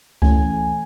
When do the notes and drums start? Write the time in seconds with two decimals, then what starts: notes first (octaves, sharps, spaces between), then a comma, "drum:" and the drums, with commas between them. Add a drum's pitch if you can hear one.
0.22 E3 A3 C#4 G#5, drum: kick C#2